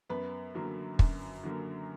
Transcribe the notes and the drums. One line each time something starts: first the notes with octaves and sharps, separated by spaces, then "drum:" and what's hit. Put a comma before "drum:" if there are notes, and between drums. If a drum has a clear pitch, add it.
F#2 B3 B4
D3 F#3 A#3
F#2, drum: kick
D3 F#3 A#3